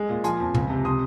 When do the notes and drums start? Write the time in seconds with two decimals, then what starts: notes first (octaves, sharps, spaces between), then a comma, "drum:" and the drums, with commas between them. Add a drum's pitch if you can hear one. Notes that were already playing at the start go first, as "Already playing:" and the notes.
Already playing: G#3 G#5
0.09 A#2
0.24 F3 G#5 C6, drum: hi-hat
0.40 F2
0.54 C#2, drum: tom
0.70 C3
0.85 C3 C6 D#6